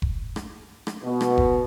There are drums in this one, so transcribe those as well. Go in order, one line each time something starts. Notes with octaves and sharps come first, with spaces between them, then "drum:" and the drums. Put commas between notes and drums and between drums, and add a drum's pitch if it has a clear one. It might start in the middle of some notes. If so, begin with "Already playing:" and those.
drum: kick F1
drum: rim click
drum: rim click
B2
drum: rim click
drum: kick F1